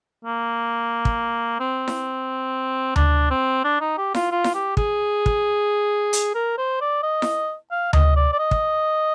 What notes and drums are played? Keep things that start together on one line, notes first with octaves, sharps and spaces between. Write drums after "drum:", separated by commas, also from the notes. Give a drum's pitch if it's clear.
A#3
drum: kick
C4
drum: snare E4
D4, drum: tom D2
C4
D4
D#4
G4
F4, drum: snare E4
F4
drum: snare E4
G4
G#4, drum: kick
drum: kick
drum: hi-hat
A#4
C5
D5
D#5
drum: snare E4
F5
D#5, drum: tom D2
D5
D5
D#5
drum: kick